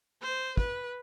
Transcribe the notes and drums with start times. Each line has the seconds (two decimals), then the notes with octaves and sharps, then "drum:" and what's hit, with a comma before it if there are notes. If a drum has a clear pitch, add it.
0.22 C5
0.57 B4, drum: kick